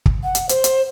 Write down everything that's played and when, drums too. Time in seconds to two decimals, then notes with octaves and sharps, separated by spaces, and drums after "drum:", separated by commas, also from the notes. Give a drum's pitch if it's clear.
0.06 drum: kick
0.23 F#5
0.35 drum: hi-hat
0.49 C5, drum: hi-hat
0.64 drum: hi-hat